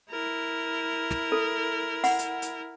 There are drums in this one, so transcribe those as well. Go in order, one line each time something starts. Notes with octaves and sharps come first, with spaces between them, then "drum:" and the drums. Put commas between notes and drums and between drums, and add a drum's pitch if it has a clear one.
E4 A#4
drum: snare
A4
F#5, drum: open hi-hat
drum: hi-hat
drum: hi-hat